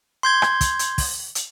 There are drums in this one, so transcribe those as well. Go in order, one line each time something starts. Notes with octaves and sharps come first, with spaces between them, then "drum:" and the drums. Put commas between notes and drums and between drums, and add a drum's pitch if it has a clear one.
C6 G6 G#6
drum: rim click
drum: kick, hi-hat
drum: hi-hat
drum: kick, open hi-hat
drum: hi-hat